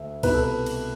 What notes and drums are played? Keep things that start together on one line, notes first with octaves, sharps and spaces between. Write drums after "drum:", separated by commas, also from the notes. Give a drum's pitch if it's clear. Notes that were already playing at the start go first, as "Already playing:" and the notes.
Already playing: D2 E5
C2 B2 B3 E4 B4, drum: kick C#2, cymbal
A4
B4
drum: cymbal